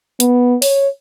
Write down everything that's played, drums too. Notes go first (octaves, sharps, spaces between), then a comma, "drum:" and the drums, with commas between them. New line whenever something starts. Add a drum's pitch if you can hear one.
B3, drum: hi-hat
C#5, drum: open hi-hat